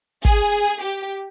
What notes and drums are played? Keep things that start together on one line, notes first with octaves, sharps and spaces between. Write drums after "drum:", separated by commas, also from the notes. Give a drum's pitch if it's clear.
G#4, drum: kick
G4